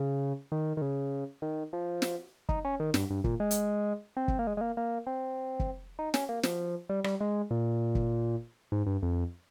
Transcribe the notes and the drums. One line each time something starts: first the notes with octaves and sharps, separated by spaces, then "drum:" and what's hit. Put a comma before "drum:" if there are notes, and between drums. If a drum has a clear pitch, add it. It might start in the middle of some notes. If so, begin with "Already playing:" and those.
Already playing: C#3
D#3
D#3
C#3
D#3
F3
drum: snare
D#4, drum: kick
C#4
D#3
G2, drum: snare
G2
A#2, drum: kick
G#3
drum: hi-hat
C4
drum: kick
A#3
G#3
G#3
A#3
A#3
C4
drum: kick
D#4
C#4, drum: snare
A#3
F3, drum: snare
G3
G3, drum: rim click
G#3
A#2
drum: kick
G#2
G2
F2